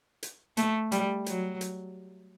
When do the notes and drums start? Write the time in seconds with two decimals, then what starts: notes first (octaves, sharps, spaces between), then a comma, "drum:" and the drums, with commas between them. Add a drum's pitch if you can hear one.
0.23 drum: hi-hat
0.57 A3, drum: hi-hat
0.92 G3, drum: hi-hat
1.26 F#3, drum: hi-hat
1.61 drum: hi-hat